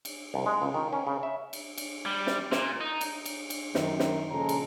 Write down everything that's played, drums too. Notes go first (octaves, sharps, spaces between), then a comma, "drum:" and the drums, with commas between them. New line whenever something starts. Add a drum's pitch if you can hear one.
drum: cymbal
C2
G#3
C#2
D#3
C#4
C#3
E5
drum: cymbal
drum: cymbal
G3
drum: snare
A#2, drum: snare
D#4
drum: cymbal
drum: cymbal
drum: cymbal
F#2 D#3, drum: snare
drum: snare
A#1 C#3 F3 G#3 A4 A#5
drum: cymbal